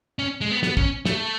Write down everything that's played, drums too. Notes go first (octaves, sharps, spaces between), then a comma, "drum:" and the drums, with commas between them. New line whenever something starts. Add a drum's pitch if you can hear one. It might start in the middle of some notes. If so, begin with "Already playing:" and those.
C#4
G#3
B3
B3, drum: snare
C#4, drum: kick
A3, drum: snare